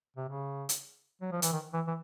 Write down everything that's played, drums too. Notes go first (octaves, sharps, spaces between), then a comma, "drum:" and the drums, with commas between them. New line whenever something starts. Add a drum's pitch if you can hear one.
C3
C#3
drum: hi-hat
F#3
F3
E3, drum: hi-hat
D#3
E3
E3